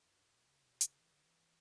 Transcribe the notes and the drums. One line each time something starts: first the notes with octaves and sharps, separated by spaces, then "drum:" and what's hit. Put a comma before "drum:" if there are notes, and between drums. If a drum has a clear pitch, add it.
F#2
G2
A2
B2
C#3
B2
C#3, drum: hi-hat
E3
D3
E3